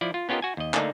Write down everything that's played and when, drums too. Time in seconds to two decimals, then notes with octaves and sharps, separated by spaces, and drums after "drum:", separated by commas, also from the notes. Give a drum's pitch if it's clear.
0.01 F3 E4 D5
0.14 F4
0.29 B3 C#4 F4 G4 A#4 D#5
0.42 F#4 G#5
0.57 D#2 D#5
0.74 D3 A3 A#3 D4 D#4, drum: clap